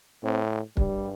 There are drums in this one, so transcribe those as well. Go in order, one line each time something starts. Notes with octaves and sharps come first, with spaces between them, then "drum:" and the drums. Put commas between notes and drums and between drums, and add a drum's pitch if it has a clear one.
A2 C4
G2 G3, drum: kick